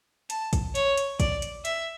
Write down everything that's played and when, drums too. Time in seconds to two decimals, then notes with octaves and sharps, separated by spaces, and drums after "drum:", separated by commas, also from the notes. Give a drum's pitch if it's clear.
0.30 A5, drum: hi-hat
0.53 drum: kick, hi-hat
0.75 C#5, drum: hi-hat
0.97 drum: hi-hat
1.20 D5, drum: kick, hi-hat
1.42 drum: hi-hat
1.65 E5, drum: hi-hat